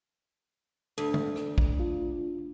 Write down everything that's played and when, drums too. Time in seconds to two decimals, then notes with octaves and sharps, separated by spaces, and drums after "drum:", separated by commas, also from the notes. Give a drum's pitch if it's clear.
0.98 D2 A4
1.14 drum: tom
1.36 drum: rim click
1.58 drum: kick
1.80 F4